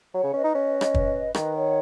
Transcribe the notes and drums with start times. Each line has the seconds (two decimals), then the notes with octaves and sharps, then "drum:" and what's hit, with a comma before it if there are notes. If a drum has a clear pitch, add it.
0.14 F#3 C#5 F#5
0.23 C#3
0.33 C#4 B4 D#5
0.44 D#4
0.55 C#4
0.81 drum: rim click
0.94 drum: kick
1.35 D#3 B4 D#5, drum: rim click
1.55 C#5 F#5